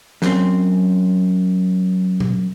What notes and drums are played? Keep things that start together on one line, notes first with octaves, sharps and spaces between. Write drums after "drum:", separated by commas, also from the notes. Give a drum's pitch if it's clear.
F#2 C4, drum: snare
drum: tom A#2